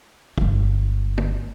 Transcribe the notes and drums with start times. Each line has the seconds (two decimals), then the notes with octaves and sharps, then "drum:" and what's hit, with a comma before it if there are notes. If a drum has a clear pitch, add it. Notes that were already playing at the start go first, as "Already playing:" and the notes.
0.38 G1 G#3, drum: kick
1.18 drum: tom